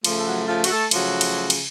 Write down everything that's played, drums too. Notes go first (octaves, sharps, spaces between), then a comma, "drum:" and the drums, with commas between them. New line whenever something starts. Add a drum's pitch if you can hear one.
C#3 F3 A3, drum: cymbal
A4
F#3 F#4
F3 F4
F#4, drum: cymbal
A3 A4
C#3 F3 F#3 A3 F#4, drum: cymbal
drum: cymbal
drum: cymbal